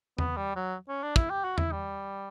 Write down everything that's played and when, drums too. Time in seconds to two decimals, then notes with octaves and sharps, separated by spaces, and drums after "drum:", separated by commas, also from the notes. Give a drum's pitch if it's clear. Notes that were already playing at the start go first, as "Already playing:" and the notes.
0.18 B3, drum: tom E2
0.37 G3
0.56 F#3
0.88 C#4
1.03 D4
1.16 E4, drum: kick
1.30 G4
1.44 F#4
1.58 E4, drum: tom E2
1.72 G3